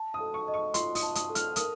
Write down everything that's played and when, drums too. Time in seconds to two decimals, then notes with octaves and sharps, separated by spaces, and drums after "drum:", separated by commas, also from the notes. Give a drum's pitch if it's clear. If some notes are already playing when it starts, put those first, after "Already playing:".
Already playing: A5
0.14 D#6
0.20 A4
0.34 C#6
0.48 D#5
0.54 C#6
0.74 F4 C6, drum: hi-hat
0.95 D#6, drum: open hi-hat
1.02 A5
1.15 D#6, drum: hi-hat
1.29 A4
1.35 F6, drum: hi-hat
1.56 A#4 D#6, drum: hi-hat